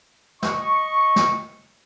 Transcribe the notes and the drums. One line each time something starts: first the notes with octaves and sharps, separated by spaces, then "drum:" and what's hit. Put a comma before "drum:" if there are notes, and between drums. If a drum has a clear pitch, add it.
D#5 C#6, drum: snare
drum: snare